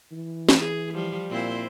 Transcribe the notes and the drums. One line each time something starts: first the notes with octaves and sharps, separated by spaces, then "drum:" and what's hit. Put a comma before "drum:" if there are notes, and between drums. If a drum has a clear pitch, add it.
E3
drum: snare
G#4
F3 G3
A#2 C4 E4 C5